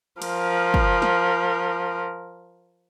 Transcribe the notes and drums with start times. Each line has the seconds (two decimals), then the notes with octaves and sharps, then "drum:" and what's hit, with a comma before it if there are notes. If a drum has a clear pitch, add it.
0.22 F3 A#4, drum: cymbal
0.74 drum: kick
1.02 drum: snare